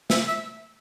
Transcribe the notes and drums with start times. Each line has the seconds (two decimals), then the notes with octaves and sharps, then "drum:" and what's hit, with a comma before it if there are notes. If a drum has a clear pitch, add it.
0.10 E5, drum: snare
0.27 E5